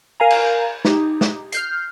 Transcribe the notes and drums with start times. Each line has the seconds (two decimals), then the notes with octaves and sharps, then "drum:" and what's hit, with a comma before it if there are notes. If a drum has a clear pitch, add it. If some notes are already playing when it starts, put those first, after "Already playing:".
0.20 A#4 F5 G#5 A#5
0.30 drum: cymbal
0.85 D#4 G4, drum: snare
1.21 drum: snare
1.52 F6 G6 C7, drum: hi-hat